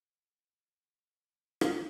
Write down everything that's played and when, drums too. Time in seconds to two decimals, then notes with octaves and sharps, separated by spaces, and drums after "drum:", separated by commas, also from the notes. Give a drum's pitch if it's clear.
0.54 G3 G#4 C5 F5
1.61 drum: rim click